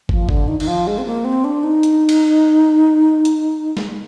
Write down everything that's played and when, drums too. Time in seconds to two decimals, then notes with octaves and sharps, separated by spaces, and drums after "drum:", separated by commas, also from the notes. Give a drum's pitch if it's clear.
0.09 F3, drum: kick
0.29 D3, drum: kick
0.48 D#3
0.60 D#3, drum: cymbal
0.67 F3
0.87 G#3
0.98 C4
1.05 A#3
1.25 C4
1.44 D4
1.63 D#4
1.83 drum: hi-hat
2.09 drum: cymbal
3.25 drum: hi-hat
3.77 drum: snare